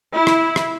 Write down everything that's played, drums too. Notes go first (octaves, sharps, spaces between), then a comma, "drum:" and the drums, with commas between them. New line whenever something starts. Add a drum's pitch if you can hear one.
E4
drum: rim click
drum: rim click